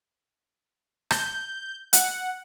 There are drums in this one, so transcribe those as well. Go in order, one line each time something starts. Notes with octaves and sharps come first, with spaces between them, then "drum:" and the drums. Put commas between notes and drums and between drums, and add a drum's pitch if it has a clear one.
G6, drum: rim click
F#5, drum: hi-hat